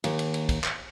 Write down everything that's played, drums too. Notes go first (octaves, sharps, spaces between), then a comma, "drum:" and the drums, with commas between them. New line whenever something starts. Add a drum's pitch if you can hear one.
D#2, drum: cymbal
drum: cymbal
drum: cymbal
drum: kick, cymbal
drum: clap